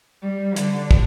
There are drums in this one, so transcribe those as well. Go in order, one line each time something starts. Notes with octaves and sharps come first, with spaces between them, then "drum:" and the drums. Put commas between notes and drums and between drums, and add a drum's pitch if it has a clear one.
G3
D3, drum: hi-hat
drum: kick